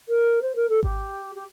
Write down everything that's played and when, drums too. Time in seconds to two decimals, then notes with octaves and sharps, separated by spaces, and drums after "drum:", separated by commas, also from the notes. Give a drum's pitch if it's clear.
0.08 A#4
0.42 C5
0.55 A#4
0.69 A4
0.83 G4, drum: kick G#1
1.35 G4